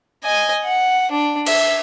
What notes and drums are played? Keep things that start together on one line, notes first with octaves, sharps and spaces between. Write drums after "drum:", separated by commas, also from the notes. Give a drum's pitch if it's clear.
D#5 G#5
F#5
D4
E5, drum: cymbal